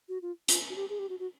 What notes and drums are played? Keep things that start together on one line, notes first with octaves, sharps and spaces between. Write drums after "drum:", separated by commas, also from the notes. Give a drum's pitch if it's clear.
F#4
F4
F4, drum: hi-hat
F#4
G4
G#4
G4
F#4
F#4